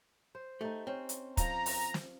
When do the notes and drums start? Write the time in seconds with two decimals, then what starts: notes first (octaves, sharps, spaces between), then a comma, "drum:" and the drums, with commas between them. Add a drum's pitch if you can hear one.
0.35 C5
0.61 A3 D#4 G4
0.87 C4 C#4
1.09 drum: hi-hat
1.37 F3 D#5 A#5, drum: kick, hi-hat
1.66 drum: open hi-hat
1.94 drum: snare